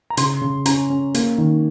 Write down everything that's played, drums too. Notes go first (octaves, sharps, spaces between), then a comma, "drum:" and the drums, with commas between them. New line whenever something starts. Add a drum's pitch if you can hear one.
A#5
C#3 C6, drum: hi-hat
C#3
C#4 A#5, drum: hi-hat
C#4
A#3, drum: hi-hat
D#3